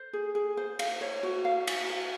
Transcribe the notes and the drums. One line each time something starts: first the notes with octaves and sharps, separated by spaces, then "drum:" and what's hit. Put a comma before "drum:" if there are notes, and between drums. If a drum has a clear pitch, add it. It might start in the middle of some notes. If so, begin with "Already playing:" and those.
Already playing: C5
G#4
G#4
C5
F5, drum: cymbal
C#5
F#4
F5
F#4, drum: cymbal
F5